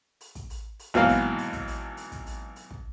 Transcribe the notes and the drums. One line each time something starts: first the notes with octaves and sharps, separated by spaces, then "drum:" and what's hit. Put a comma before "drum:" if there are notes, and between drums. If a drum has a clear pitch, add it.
drum: open hi-hat
drum: kick, hi-hat
drum: open hi-hat
drum: open hi-hat
G#1 B2 E3 F#3 A#3 F5, drum: kick, hi-hat
drum: open hi-hat
drum: open hi-hat
drum: kick, hi-hat
drum: open hi-hat
drum: open hi-hat
drum: kick, hi-hat
drum: open hi-hat
drum: open hi-hat
drum: kick